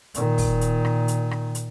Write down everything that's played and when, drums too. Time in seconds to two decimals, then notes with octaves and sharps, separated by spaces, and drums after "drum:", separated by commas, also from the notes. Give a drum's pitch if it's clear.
0.14 A#2 D#3, drum: hi-hat
0.38 drum: kick, open hi-hat
0.61 drum: hi-hat
0.85 drum: rim click
1.08 drum: hi-hat
1.31 drum: rim click
1.55 drum: hi-hat